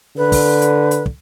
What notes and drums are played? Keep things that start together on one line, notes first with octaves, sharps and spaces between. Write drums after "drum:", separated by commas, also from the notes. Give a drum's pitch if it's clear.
D3 B4
drum: kick, open hi-hat
drum: hi-hat
drum: hi-hat
drum: kick